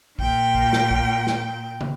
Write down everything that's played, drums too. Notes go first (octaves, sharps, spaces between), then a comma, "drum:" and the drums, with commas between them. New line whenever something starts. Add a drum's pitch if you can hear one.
A#2 G5, drum: kick
drum: kick
drum: snare
drum: kick
drum: snare
drum: tom